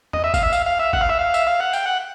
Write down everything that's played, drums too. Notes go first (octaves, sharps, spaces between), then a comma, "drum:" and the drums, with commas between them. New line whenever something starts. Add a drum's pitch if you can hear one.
D#5, drum: tom E2
E5
F5, drum: kick G1, tambourine
E5
F5, drum: tambourine
F5
E5
F#5, drum: kick G1
F5
E5
F5
E5, drum: tambourine
F5
F#5
G5, drum: tambourine
F#5